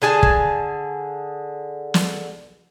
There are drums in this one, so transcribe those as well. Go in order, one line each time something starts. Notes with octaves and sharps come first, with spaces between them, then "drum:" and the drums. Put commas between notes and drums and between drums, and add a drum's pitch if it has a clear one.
D3 G#4 G#5 A5
drum: kick
drum: snare